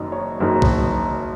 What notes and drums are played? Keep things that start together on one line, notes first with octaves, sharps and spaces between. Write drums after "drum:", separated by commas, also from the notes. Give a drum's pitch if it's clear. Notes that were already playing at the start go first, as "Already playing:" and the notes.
Already playing: F#1 F#2 D#3 D#5
C#5
F#1 F#2 D#3
drum: kick